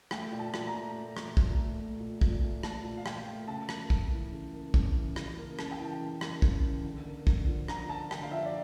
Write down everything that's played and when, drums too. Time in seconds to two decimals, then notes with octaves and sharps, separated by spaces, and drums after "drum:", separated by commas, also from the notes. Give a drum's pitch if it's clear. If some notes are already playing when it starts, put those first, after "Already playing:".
0.11 A3 G5, drum: rim click
0.32 A#2
0.39 A5
0.54 A#2, drum: rim click
0.67 A#5
0.74 A3
0.95 A3
1.17 A#2, drum: rim click
1.37 A#2, drum: kick
1.58 A3
1.79 A3
2.00 A#2
2.21 A#2, drum: kick
2.43 A3
2.63 A3 A5, drum: rim click
2.85 A#2
2.97 F5
3.06 A#2 G5, drum: rim click
3.27 A3
3.48 C#3 A5
3.69 A#3, drum: rim click
3.90 C#3, drum: kick
4.11 E3
4.32 C#3
4.53 A#3
4.74 C#3, drum: kick
4.95 E3
5.16 C#3, drum: rim click
5.37 A#3
5.59 C#3 A5, drum: rim click
5.71 G5
5.79 E3
5.85 A5
6.00 C#3
6.21 A#3, drum: rim click
6.42 C#3, drum: kick
6.63 E3
6.84 D3
7.05 A#3
7.27 D3, drum: kick
7.47 F3
7.68 D3 A#5, drum: rim click
7.89 A#3 A5
8.11 D3 G5, drum: rim click
8.22 F5
8.32 F3 E5
8.46 D5